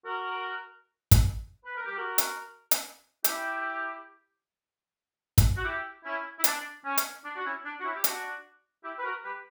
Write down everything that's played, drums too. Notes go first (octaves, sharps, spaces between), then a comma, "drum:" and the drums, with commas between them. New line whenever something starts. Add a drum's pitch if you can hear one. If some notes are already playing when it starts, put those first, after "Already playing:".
F#4 A#4
drum: kick, hi-hat
B4
A#4
G4
F#4 A#4
drum: hi-hat
drum: hi-hat
E4 G4, drum: hi-hat
drum: kick, hi-hat
F#4
E4 G4
C#4 E4
E4
D4, drum: hi-hat
C#4
drum: hi-hat
D4
F#4
C#4 E4
D4
F#4
C#4 E4
G4
D4 F#4, drum: hi-hat
E4 G4
B4
F#4 A#4
G4 B4